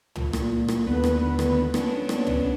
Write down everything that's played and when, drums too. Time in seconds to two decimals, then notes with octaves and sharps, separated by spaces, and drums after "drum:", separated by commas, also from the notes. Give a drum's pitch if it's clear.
0.16 A#2, drum: tom
0.33 drum: rim click
0.68 drum: rim click
0.87 D#2 D3 B3 B4
1.04 drum: rim click
1.39 drum: rim click
1.74 B3 C#4 D4, drum: rim click
2.09 drum: rim click
2.27 drum: tom